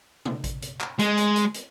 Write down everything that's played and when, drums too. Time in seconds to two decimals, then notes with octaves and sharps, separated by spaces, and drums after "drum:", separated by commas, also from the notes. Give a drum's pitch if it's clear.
0.25 drum: tom
0.44 drum: kick A1, hi-hat
0.62 drum: hi-hat
0.81 drum: clap
0.99 G#3, drum: hi-hat
1.17 drum: hi-hat
1.36 drum: hi-hat
1.54 drum: hi-hat